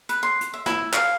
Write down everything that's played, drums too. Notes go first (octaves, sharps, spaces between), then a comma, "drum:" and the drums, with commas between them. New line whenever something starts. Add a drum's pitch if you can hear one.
B4, drum: hi-hat
C6
drum: hi-hat
E5
E4, drum: snare
F5, drum: clap